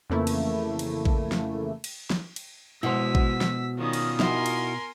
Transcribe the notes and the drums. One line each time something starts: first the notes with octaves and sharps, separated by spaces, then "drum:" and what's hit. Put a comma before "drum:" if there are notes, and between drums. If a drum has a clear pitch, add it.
F2 C#3 E3 A3 A#3 E4
drum: cymbal
drum: cymbal
drum: kick A1
drum: snare
drum: cymbal
drum: snare
drum: cymbal
B2 G#3 E4 F#4 C5 E6 B6
drum: kick A1
drum: snare
D#3 G3 C#4 F4 D#6
drum: cymbal
D#4 E4 F#4 A#4 G#5 C6, drum: snare
drum: cymbal